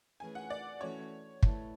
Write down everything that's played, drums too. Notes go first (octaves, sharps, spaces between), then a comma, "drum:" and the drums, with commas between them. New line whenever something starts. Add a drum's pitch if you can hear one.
E3 A3 C#4 G#4 B4 G#5
F#5
D5
E3 A3 C#4 F#4 C#5
A2 E3 A3, drum: kick